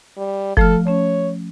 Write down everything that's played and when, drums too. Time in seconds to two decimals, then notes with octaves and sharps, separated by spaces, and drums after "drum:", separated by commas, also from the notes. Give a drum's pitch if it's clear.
0.17 G3
0.57 F3 A3 A4 F6, drum: kick F#1
0.87 A3 C#4 C#5